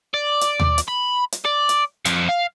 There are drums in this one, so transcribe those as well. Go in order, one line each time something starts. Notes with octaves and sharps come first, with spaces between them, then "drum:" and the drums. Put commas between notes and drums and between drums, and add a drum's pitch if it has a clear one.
D5
drum: hi-hat
drum: tom D#2
drum: hi-hat
B5
drum: hi-hat
D5
drum: hi-hat
F2 F3, drum: hi-hat
F5